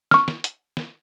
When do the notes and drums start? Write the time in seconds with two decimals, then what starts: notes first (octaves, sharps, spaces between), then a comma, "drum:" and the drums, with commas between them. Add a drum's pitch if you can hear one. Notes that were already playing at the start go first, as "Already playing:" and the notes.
0.11 C#6 F6, drum: snare
0.28 drum: snare
0.44 drum: hi-hat
0.77 drum: snare